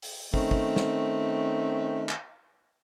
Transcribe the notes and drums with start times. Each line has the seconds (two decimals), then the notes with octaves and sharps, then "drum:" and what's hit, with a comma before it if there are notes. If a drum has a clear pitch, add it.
0.02 drum: open hi-hat
0.34 D#3 A3 C4 C#4, drum: kick
0.51 drum: kick
0.76 drum: snare
2.09 drum: clap